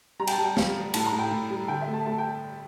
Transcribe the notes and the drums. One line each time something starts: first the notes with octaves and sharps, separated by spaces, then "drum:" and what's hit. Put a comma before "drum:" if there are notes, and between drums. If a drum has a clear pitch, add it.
G3 A#5
G5, drum: cymbal
A5
G3
G5
G3 F5, drum: snare
G3
A2 A5, drum: cymbal
A#5
A2
G5
A2
G3
D3 G5
E5
A3
A5
A3 A5
G5